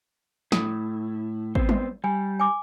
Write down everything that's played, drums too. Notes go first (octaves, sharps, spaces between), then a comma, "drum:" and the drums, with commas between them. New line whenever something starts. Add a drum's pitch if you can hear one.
A2 E4 A4, drum: snare
B3 C4 C5, drum: kick G#1
drum: tom
G3 G#5
G#5 D6